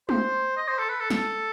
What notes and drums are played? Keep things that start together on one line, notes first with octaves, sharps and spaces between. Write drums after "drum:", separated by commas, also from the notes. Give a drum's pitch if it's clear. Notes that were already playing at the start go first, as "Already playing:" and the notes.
C5, drum: tom G#3
D#5
C5
A4
B4
A4
A4, drum: snare